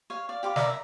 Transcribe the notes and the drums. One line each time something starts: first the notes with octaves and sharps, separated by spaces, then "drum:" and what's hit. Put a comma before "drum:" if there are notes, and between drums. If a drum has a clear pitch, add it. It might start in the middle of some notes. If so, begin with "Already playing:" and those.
C#5 F5
D5 F5
G4 F5 C6 D6
A#4 D5 E5 D6, drum: snare
A#5